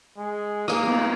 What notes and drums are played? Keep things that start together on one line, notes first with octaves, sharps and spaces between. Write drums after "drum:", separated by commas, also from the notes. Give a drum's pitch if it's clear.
G#3
A#3, drum: rim click
drum: cymbal